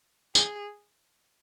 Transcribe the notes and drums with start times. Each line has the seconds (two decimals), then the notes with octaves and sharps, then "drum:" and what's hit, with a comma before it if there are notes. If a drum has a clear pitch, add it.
0.35 G#4, drum: tambourine